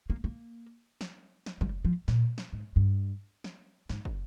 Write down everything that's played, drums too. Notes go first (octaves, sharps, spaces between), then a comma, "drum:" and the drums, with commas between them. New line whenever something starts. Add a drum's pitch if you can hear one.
A#3
A#3
drum: snare
drum: snare
G3, drum: kick
F3
A#2, drum: snare
drum: snare
G#2
G2
drum: snare
G#2, drum: snare
drum: kick